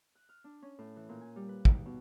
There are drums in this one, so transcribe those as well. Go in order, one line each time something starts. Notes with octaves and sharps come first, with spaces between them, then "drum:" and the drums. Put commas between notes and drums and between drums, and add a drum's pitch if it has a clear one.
F#6
F6
D4
C#4
A2
E3
A#2
G#5
G3
B4
D#4, drum: kick
B2